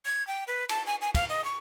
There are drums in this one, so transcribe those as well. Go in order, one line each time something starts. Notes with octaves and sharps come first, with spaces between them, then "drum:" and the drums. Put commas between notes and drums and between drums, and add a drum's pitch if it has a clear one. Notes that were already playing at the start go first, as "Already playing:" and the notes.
G#6
G5
B4
A5, drum: cymbal
G#5
G#5
F5, drum: kick, cymbal
D#5
C#6